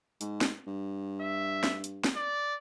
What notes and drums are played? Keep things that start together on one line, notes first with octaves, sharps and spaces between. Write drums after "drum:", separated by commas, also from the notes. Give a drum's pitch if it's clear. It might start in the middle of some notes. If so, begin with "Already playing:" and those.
G#2, drum: hi-hat
drum: snare
G2
E5
drum: snare
drum: hi-hat
drum: snare
D5